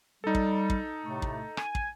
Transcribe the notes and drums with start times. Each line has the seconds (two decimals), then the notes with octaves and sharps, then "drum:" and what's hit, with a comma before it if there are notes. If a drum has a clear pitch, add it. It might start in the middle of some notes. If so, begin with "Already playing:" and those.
0.24 G3 D#4 A4
0.35 drum: kick
0.70 drum: kick
1.04 A2 C3 A3
1.22 drum: kick
1.57 G#5, drum: rim click
1.75 drum: kick